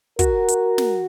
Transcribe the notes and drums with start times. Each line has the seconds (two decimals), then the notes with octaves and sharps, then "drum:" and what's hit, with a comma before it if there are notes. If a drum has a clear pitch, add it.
0.19 F#4 A#4, drum: kick, hi-hat
0.48 drum: hi-hat
0.78 drum: snare